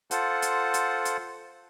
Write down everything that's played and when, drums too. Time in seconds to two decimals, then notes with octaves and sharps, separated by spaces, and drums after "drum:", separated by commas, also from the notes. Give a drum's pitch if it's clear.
0.11 F4 A4 C5 F#5, drum: hi-hat
0.42 drum: hi-hat
0.74 drum: hi-hat
1.05 drum: hi-hat